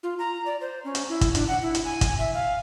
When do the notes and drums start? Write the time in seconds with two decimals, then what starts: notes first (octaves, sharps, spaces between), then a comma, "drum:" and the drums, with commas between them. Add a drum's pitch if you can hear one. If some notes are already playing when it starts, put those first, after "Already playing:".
0.03 F4
0.19 A#5
0.46 D5
0.61 C5
0.84 C#4
0.95 drum: hi-hat
1.09 E4
1.21 drum: kick, hi-hat
1.35 D4, drum: hi-hat
1.48 F#5
1.62 E4
1.75 drum: hi-hat
1.85 G#5
2.01 drum: kick, hi-hat
2.19 E5
2.34 F5